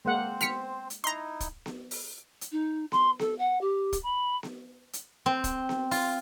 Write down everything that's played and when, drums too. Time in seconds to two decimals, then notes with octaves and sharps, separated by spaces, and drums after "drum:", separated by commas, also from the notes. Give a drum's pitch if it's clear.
0.05 G#3 A#3 C4 C5 F#5
0.41 F6 B6 C#7, drum: snare B3
0.90 drum: hi-hat
1.04 D#4 E4 A#5 C6
1.40 drum: kick, hi-hat
1.66 drum: snare B3
1.91 drum: open hi-hat
2.41 drum: hi-hat
2.52 D#4
2.92 C6, drum: snare B3
3.19 A4, drum: snare B3
3.38 F#5
3.61 G4
3.93 drum: kick, hi-hat
4.03 B5
4.43 drum: snare B3
4.93 drum: hi-hat
5.26 C4
5.44 drum: kick, hi-hat
5.69 drum: snare B3
5.91 F4, drum: open hi-hat